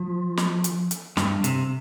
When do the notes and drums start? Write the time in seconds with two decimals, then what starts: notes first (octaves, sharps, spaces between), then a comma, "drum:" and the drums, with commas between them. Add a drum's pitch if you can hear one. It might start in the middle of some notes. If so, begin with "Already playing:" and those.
Already playing: F3
0.37 drum: snare
0.64 drum: hi-hat
0.91 drum: hi-hat
1.17 G2, drum: snare
1.44 C3, drum: hi-hat